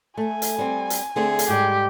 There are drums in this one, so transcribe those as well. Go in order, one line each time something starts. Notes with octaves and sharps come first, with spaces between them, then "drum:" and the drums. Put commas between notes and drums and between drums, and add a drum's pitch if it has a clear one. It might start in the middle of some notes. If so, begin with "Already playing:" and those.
A3 G#5
drum: hi-hat
G3 C4
drum: hi-hat
D3 A3 C4 G#4
drum: hi-hat
G#2 G3 G4